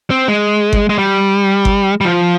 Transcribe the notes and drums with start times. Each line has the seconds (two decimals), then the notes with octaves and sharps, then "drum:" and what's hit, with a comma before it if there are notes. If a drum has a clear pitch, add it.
0.10 C4
0.28 G#3
0.73 drum: kick G1
0.89 G#3
0.98 G3
1.65 drum: kick G1
2.01 G3
2.05 F3